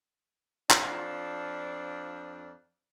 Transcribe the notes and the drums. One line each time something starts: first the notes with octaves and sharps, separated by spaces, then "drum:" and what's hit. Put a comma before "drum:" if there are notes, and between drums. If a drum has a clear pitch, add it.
F2 F3 D4, drum: clap